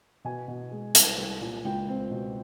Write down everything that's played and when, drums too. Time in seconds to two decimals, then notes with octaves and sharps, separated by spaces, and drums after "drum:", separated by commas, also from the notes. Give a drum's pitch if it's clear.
0.25 B2 G#5
0.48 B2
0.71 G#3
0.95 C2, drum: hi-hat
1.18 C2
1.41 A#2
1.65 C#2 G5
1.88 C4
2.11 B2